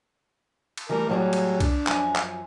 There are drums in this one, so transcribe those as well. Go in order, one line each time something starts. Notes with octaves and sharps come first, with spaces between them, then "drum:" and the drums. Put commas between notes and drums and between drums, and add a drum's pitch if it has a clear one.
drum: cymbal
E3 G3 A3 A#4
A2 F#3 G3 G#4
drum: cymbal
D4, drum: kick C2, cymbal
F#2 F3 G#5, drum: clap
drum: clap